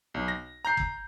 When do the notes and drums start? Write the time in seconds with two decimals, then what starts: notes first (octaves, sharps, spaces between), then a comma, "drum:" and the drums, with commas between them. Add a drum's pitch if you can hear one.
0.14 B1
0.28 A#6
0.65 A#5 G6 C7
0.77 drum: kick